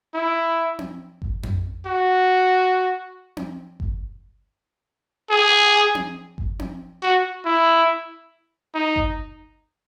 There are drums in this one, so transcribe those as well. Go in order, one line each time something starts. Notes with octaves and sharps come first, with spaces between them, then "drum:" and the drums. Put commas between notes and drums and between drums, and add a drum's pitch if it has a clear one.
E4
drum: tom C4
drum: kick G1
drum: tom F2
F#4
drum: tom C4
drum: kick G1
G#4
drum: tom C4
drum: kick G1
drum: tom C4
F#4
E4
D#4
drum: kick G1